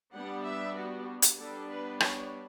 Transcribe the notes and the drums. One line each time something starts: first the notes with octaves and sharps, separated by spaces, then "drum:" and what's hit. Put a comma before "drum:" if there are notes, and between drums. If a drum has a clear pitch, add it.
G3 B3 D4 F#5
E5
F#4
drum: hi-hat
G3 B3 D4 A4
B4
C#5, drum: rim click